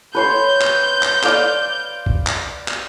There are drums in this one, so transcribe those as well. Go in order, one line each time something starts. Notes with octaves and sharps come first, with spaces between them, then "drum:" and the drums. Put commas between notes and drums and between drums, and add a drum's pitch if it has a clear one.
B4 C#5 C6 G6
drum: clap
drum: clap
D5 F5 D6, drum: clap
drum: kick
drum: clap
drum: clap